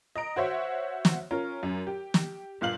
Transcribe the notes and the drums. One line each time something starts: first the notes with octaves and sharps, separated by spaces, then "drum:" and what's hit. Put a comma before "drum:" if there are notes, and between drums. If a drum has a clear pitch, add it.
D#5 A#5 D7
F#4 C5 C#5 E5 F#5
drum: snare
C#4 F4 A#4
F#2
G4
drum: snare
G1 A#2 F5 F#7